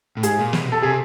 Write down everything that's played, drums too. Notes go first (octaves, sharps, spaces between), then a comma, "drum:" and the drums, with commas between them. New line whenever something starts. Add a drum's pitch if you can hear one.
A2
G#2 G#4, drum: hi-hat
A#2
B2, drum: snare
C3
B2 A4
C3 G#4